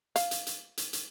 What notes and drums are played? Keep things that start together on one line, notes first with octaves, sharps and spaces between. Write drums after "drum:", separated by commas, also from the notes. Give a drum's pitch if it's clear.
F5, drum: hi-hat
drum: hi-hat
drum: hi-hat
drum: hi-hat
drum: hi-hat